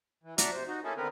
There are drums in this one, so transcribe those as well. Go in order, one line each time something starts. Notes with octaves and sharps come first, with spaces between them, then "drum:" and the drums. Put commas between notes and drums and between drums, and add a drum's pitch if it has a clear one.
E3
D4 F#4 D5 E5 A#5 C#6, drum: hi-hat
C3 C5
D#4 F#4
A3 A#3 C#4 E4 G#4 A4
D3 D#3 B3 C4 A#4 B4